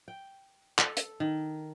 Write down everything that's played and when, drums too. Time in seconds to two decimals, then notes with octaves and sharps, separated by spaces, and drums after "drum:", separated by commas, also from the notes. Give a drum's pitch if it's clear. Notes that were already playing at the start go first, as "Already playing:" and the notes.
0.08 G5
0.79 A4, drum: clap
0.97 drum: hi-hat
1.20 D#3